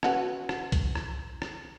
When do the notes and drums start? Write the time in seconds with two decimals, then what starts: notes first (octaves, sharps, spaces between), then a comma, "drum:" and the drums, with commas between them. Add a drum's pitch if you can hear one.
0.03 C#4 F#4 B4, drum: rim click
0.49 drum: rim click
0.72 drum: kick B1, hi-hat
0.95 drum: rim click
1.42 drum: rim click